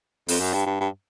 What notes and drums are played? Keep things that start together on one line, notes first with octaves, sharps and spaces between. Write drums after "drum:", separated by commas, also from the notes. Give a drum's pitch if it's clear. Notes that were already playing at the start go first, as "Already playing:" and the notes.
F2, drum: open hi-hat
F#2
G2
G2
G2